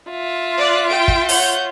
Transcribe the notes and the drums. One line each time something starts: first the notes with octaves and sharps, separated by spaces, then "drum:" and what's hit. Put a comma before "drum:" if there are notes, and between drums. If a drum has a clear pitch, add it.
F4 E5
D5 F#6
G5 D7
drum: kick
C#5 F#5 G6, drum: open hi-hat